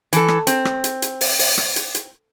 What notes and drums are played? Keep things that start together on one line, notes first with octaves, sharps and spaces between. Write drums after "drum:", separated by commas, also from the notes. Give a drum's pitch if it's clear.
E3 A4, drum: hi-hat
drum: rim click
C4, drum: hi-hat
drum: rim click
drum: hi-hat
drum: hi-hat
drum: open hi-hat
drum: open hi-hat
drum: rim click
drum: hi-hat
drum: hi-hat